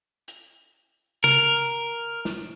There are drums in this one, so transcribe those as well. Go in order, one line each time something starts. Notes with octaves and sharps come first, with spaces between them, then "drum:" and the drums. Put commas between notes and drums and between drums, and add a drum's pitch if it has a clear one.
drum: hi-hat
A#4, drum: tom C3
drum: snare